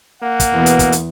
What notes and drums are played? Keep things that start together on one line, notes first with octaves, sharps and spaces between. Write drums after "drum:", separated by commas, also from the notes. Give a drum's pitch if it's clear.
A#3 F#5
drum: kick, hi-hat
E2 B2
drum: hi-hat
drum: kick, hi-hat
drum: hi-hat